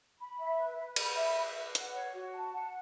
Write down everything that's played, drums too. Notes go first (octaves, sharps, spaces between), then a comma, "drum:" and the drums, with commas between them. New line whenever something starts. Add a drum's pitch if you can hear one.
B5
E5
B4
B4
B5, drum: cymbal
E5
B4
B4
F#5, drum: hi-hat
C#5
F#4
A5
F#5